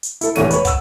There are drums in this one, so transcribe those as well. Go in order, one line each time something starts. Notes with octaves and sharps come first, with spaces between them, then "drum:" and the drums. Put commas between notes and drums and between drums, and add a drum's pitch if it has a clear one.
drum: hi-hat
E4 A4, drum: hi-hat
F1 E2 E3 A3 C#5 D#7, drum: snare
B4 C#5, drum: hi-hat
F#5 E6, drum: kick, hi-hat